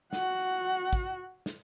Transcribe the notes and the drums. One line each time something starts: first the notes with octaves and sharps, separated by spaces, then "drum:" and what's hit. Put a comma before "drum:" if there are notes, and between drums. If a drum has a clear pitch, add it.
F#4 F#5, drum: snare
drum: tambourine
drum: kick, tambourine
drum: snare